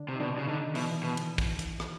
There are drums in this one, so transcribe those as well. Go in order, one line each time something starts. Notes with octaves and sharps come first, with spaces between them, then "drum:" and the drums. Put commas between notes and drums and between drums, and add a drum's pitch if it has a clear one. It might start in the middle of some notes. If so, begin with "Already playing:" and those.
Already playing: D3 D4
C3
D#4
B2 D3 D4
C#3
D3 D#3 D#4
B2 E3 E4, drum: open hi-hat
B2
drum: hi-hat
drum: kick, open hi-hat
drum: hi-hat
drum: rim click